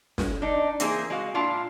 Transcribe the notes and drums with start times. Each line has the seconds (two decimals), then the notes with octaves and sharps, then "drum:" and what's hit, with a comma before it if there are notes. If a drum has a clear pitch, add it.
0.18 drum: snare
0.42 D4 D#4
0.80 E3 A#3 C4 D#4 F4 G#4, drum: hi-hat
1.10 G#3 F#4 F5
1.34 A#2 D4 E4 F4 F5